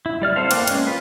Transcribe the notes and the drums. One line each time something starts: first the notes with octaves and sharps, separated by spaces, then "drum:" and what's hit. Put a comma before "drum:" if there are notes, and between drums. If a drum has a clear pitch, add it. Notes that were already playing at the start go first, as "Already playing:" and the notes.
E4
G3 D5 F6
C4 A4 C5 F5
A#3 B4 F5 G5 D6, drum: cymbal
G#3 C#4, drum: cymbal
F4 B4